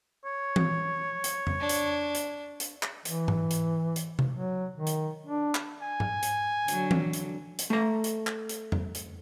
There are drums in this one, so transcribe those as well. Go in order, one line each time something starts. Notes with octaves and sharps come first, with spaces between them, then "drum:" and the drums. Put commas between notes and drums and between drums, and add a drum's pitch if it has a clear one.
C#5
drum: tom E3
drum: hi-hat
drum: tom F2
D4
drum: hi-hat
drum: hi-hat
drum: hi-hat
drum: clap
E3, drum: hi-hat
drum: tom G#2
drum: hi-hat
drum: hi-hat
drum: tom C3
F#3
D#3
drum: hi-hat
D4
drum: clap
G#5
drum: tom G#2
drum: hi-hat
D3 F#3, drum: hi-hat
drum: tom E3
drum: hi-hat
drum: hi-hat
A3 A#5
drum: hi-hat
drum: clap
drum: hi-hat
drum: tom F2
drum: hi-hat